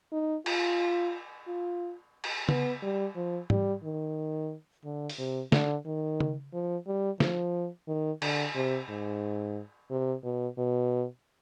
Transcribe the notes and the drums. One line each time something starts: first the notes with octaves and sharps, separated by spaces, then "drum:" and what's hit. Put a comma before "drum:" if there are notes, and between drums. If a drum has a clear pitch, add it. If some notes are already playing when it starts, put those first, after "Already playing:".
D#4
F4, drum: cymbal
F4
drum: cymbal
B3, drum: tom C#3
G3
F3
G3, drum: tom G#2
D#3
D3
drum: open hi-hat
C3
D3, drum: snare
D#3
drum: tom C#3
F3
G3
F3, drum: snare
D#3
D3, drum: cymbal
C3
G#2
C3
B2
B2